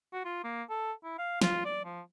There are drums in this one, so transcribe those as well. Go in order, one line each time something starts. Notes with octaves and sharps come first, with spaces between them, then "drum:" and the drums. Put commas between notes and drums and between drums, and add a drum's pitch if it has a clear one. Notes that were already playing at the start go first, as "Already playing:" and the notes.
F#4
F4
A#3
A4
E4
F5
F4, drum: snare
D5
F3